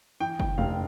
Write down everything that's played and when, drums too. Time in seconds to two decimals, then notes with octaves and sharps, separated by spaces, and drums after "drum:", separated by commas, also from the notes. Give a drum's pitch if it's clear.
0.20 E3 G5
0.40 G5, drum: kick
0.58 F1 F5